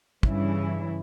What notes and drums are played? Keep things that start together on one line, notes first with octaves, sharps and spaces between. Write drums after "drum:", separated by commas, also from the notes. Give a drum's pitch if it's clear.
G2 C#3 E3 E4, drum: kick